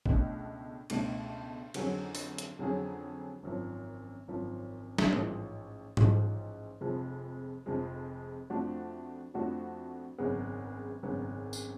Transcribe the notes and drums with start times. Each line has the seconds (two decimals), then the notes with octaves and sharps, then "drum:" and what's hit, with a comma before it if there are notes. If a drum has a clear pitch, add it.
0.06 C#2 B2 A3 D4, drum: kick G#1
0.90 C#2 B2 A3 D4, drum: cymbal
1.74 F2 D3 F#3 C#4 G#4, drum: cymbal
2.15 drum: open hi-hat
2.38 drum: hi-hat
2.59 F2 D3 F#3 C#4 G#4
3.43 G#1 F#2 F3
4.28 G#1 F#2 F3
4.98 drum: snare
5.13 A1 G#2 F3, drum: tom G#3
5.97 A1 G#2 F3, drum: tom G#2
6.81 F1 F2 F3 G#3
7.66 F1 F2 F3 G#3
8.50 F2 F3 A3 D4 F#4
9.34 F2 F3 A3 D4 F#4
10.18 G#1 F#2 C#3 G#3 B3
11.03 G#1 F#2 C#3 G#3 B3
11.53 drum: tambourine